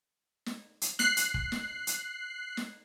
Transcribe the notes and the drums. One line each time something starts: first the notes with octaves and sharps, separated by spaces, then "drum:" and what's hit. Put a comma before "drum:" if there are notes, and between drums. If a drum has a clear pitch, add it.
drum: snare
drum: hi-hat
F#6 C7, drum: snare
drum: hi-hat
drum: kick
drum: snare
drum: hi-hat
drum: snare